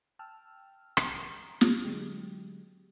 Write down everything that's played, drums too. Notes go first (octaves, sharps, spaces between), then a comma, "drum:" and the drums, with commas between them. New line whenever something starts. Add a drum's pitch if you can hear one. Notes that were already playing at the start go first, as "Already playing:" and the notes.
G5 A5 E6 F6
A#5, drum: rim click
drum: snare
D3 F#3 G#3 G4